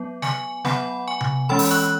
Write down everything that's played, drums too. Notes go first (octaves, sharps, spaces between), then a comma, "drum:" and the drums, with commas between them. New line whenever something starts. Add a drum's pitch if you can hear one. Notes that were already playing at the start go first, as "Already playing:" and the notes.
Already playing: F#3 B3
G#5 C#6, drum: snare
F#3 B3 F#5 B5, drum: snare
G#5 C#6
drum: tom C3
E3 G#3 C#4 B5 E6
drum: open hi-hat
C#6 F#6